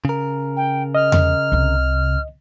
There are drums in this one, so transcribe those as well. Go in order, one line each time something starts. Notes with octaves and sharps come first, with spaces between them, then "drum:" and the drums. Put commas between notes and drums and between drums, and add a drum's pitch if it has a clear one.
C#3 A#4
G5
D#5 F6
drum: tom E2
C2 C3